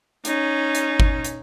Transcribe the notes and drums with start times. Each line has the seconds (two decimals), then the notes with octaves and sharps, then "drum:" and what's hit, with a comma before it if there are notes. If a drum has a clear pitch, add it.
0.25 C#4 D#4, drum: hi-hat
0.75 drum: hi-hat
1.00 drum: kick G1
1.25 drum: hi-hat